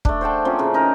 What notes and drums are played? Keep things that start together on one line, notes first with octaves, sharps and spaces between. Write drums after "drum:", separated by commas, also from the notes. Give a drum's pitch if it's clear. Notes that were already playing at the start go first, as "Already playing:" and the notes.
A3 D4, drum: kick
C5 F#5 G5 A5
F3 A#3 C4 C#4
A2 C#3
D#4 A#4